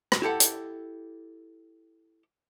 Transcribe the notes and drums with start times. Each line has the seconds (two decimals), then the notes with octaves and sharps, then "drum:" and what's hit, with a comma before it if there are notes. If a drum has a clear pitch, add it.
0.12 drum: rim click
0.22 E4 G4 A4 F#5
0.40 drum: hi-hat